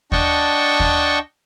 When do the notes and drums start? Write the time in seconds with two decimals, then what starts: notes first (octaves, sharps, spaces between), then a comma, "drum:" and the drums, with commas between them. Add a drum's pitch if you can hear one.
0.12 D4 D#5 F#5 G5 A5 C#6, drum: kick D#2
0.80 drum: kick D#2